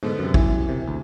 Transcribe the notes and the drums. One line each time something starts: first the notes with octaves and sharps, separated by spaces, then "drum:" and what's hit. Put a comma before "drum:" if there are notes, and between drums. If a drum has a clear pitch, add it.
G#2 B2 D3 B3
F#2 C3
E3, drum: kick
C3
D2